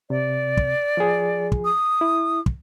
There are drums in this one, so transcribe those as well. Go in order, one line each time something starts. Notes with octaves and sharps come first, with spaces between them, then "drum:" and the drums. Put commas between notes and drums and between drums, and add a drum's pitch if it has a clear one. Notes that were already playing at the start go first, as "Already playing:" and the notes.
C3 D5
drum: kick
F3 G#4
drum: kick
D#6
E4
drum: kick